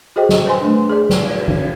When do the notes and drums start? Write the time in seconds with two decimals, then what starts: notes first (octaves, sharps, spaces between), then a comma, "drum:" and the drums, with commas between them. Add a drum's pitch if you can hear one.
0.16 F#4 G#4 A4 C5 D#5 G5
0.29 drum: snare
0.46 B4 C5 G#5 C6
0.61 A3 D4
0.90 G#4 D5
1.09 B4, drum: snare
1.21 drum: cymbal
1.48 drum: tom E3